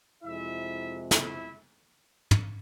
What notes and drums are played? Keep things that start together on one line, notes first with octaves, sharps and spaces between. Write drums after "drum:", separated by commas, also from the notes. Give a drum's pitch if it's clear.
F2 C3 F3 G#3 E4 E5
E4 E5, drum: snare
drum: tom